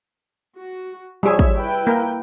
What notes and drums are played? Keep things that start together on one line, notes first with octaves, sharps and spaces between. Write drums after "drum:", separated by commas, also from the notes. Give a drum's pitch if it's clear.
F#4
F3 G3 G#4 C#5 E5
drum: kick
E4 B4 G5
A#3 A#4